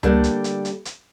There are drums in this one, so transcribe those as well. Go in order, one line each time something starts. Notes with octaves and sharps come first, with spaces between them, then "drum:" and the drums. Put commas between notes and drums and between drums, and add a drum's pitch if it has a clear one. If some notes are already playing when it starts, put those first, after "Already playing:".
D3 G3 A3 A#3 D4, drum: tom C#2
drum: hi-hat
drum: hi-hat
drum: hi-hat
drum: hi-hat